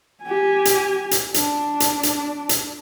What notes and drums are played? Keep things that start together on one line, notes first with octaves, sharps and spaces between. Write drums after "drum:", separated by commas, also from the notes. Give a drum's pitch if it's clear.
G4 G#5
drum: hi-hat
drum: hi-hat
D4, drum: hi-hat
drum: hi-hat
drum: hi-hat
drum: hi-hat